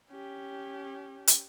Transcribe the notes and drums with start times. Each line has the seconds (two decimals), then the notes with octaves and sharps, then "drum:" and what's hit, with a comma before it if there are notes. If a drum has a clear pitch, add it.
0.11 C#4 G4
1.27 drum: hi-hat